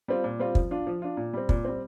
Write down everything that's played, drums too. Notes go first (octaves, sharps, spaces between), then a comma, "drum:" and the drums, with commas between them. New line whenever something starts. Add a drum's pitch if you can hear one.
G3 C4 F4
A#2
G3 C4 F4
F3, drum: kick
D4 F4
F3
D4 F4
A#2
G3 C4
A#2, drum: kick
G3 C4